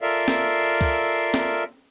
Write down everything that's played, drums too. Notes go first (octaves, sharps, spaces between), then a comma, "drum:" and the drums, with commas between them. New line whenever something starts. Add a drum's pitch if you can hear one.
F4 A4 A#4 D5 E5 F5
drum: snare
drum: kick
drum: snare